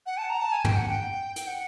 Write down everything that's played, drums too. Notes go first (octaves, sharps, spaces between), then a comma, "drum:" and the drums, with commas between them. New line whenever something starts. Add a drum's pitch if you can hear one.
F#5
A5
A#5
A5
G#5
G5, drum: tom
F#5
G5
G5, drum: hi-hat
F#5